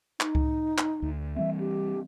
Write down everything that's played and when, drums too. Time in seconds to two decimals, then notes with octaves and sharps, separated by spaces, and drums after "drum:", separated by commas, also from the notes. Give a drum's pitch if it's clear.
0.20 D#4, drum: clap
0.35 drum: kick C#2
0.78 drum: clap
1.02 D2
1.36 E3 G3 C4 E5
1.59 G4